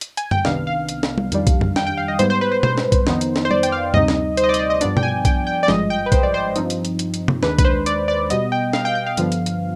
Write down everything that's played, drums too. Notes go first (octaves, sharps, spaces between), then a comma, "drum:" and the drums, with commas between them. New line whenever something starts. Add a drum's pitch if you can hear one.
drum: hi-hat
G#5, drum: hi-hat
G5, drum: tom F#2
C2 C3 D#3 B3 D4 F5, drum: snare
F5
drum: hi-hat
drum: snare
drum: tom G3
F2 D#3 G3 D4, drum: hi-hat
drum: kick B1, hi-hat
drum: tom F#2
G5, drum: snare
G5
F5
D#5
G#2 G3 B3 C5, drum: hi-hat
C5
B4
C5
C5, drum: tom B2
drum: snare
drum: kick B1, hi-hat
F2 D#3 B3 D#4, drum: snare
drum: hi-hat
drum: snare
C5
D5, drum: tom G3
G5, drum: hi-hat
F5
D2 C3 G3 C4 D#4 D#5, drum: tom F#2
drum: snare
C5, drum: hi-hat
D#5
D5
D#5, drum: hi-hat
D5
D#5
G2 F3 B3 D4 D5, drum: hi-hat
G5, drum: tom B2
G#5
G5, drum: kick B1, hi-hat
G5
D5
G#1 G2 F3 G#3 D#5, drum: snare
G5
B4
C5, drum: kick B1, hi-hat
D5
C5
G2 F3 C4 D#4, drum: hi-hat
drum: hi-hat
drum: hi-hat
drum: hi-hat
drum: hi-hat
drum: tom
D#2 D#3 G#3 D4 B4, drum: snare
B4, drum: kick B1, hi-hat
C5
D5, drum: hi-hat
D5
B2 G3 B3 D#5, drum: hi-hat
G5
F5, drum: snare
G5
G5
F5
G2 D3 F3 B3, drum: hi-hat
drum: hi-hat
drum: hi-hat